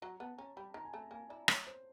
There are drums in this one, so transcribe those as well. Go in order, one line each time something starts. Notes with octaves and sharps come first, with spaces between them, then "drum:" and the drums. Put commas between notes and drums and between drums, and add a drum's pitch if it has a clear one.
F#3 A#5
B3 A5
C#4 A#5
G3 B5
D#3 A#5
G#5
A3 A5
A#3 G#5
E4 D5
C#5, drum: rim click
C5